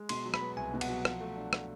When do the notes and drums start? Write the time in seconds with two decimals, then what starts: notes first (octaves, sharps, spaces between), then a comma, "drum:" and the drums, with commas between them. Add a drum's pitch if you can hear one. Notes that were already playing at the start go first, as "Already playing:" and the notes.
Already playing: G#3
0.09 B2 C6, drum: cymbal
0.26 F#3
0.34 B5, drum: rim click
0.41 B3
0.57 C2 G#5
0.74 B2
0.81 F#5, drum: cymbal
0.89 F#3
1.05 F3, drum: rim click
1.20 A3
1.37 D4
1.53 drum: rim click